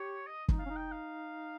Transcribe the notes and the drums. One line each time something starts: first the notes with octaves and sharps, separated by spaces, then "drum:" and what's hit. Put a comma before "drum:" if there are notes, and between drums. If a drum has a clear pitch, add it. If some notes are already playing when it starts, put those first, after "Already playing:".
Already playing: G4 C#5
D#5
D#4, drum: kick
F5
C#4
D#4
G5
F5